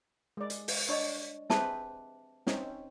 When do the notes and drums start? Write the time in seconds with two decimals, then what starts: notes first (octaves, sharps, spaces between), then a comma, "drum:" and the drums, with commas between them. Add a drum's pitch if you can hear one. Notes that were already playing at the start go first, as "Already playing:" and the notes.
0.37 G#3 D5
0.50 drum: hi-hat
0.68 drum: open hi-hat
0.89 D4 C#5 D#5 C#6
1.50 C4 G#4 B4 E5 A5 D6, drum: snare
2.47 C4 C#4 D#4, drum: snare